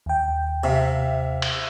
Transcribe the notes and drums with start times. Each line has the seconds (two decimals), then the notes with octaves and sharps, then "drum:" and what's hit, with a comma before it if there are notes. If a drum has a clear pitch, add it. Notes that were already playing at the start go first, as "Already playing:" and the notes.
0.06 D#2 G5
0.64 C3 E5 F5
1.42 drum: cymbal